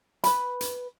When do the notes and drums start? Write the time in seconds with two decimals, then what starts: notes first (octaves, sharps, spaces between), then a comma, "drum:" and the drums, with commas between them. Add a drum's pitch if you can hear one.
0.24 B4 B5, drum: hi-hat
0.61 drum: hi-hat